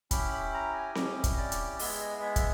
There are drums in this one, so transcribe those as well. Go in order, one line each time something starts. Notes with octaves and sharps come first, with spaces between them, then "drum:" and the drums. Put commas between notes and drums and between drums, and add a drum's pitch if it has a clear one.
C#4 E4 G4 B5, drum: kick, hi-hat
B5
A#5
G#5
C#4 E4 G4 D#5, drum: snare C4
drum: kick, hi-hat
D5
drum: hi-hat
G#3 B3 E4 G#4 E5, drum: open hi-hat
D#5
E5
drum: kick, hi-hat